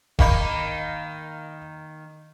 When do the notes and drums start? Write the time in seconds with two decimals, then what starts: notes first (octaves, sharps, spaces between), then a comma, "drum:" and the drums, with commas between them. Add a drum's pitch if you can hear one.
0.19 D#3 A#3 D#4 F5 B5, drum: kick E1